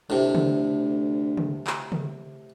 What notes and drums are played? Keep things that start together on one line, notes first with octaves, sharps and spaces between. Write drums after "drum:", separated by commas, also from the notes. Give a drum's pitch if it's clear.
D2 A2 C3
drum: tom C#3
drum: tom C#3
drum: clap
drum: tom C#3